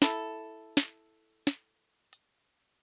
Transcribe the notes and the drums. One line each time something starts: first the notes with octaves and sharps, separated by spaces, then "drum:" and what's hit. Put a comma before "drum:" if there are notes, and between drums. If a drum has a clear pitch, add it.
E4 A4, drum: snare
drum: snare
drum: snare
drum: hi-hat